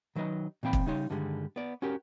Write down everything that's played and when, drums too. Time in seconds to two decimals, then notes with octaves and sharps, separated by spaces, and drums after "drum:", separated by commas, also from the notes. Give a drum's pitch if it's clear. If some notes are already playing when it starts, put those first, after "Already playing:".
0.16 D#3 F#3 D#4 B4 D#5
0.63 A#2 E3 C4 G5 B5
0.73 drum: kick
0.86 C#3 G3 D#4 C#5 C6
1.10 G2 D3 D#3 G3 G#3
1.56 B3 D5
1.82 C#4 F#4 G4 A#4